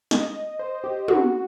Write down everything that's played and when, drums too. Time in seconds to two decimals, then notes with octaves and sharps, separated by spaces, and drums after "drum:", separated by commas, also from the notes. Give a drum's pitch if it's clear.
0.11 D#5, drum: snare
0.59 C5
0.84 G4
1.08 F#4, drum: tom